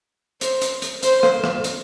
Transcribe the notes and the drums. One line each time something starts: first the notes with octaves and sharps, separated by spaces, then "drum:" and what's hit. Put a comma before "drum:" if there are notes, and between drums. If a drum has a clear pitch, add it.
C5, drum: hi-hat
drum: hi-hat
drum: hi-hat
C5, drum: hi-hat
drum: rim click
drum: rim click
drum: hi-hat